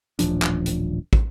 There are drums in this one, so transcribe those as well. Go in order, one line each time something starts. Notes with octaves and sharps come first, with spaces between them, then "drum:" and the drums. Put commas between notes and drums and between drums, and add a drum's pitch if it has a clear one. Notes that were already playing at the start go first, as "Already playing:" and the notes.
D#1 A1 F3 D4, drum: hi-hat
drum: clap
drum: hi-hat
drum: kick